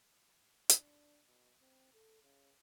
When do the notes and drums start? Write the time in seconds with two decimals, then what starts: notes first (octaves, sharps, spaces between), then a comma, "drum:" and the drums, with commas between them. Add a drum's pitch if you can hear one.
0.69 D4, drum: hi-hat
1.27 B2
1.61 C4
1.93 A4
2.23 C#3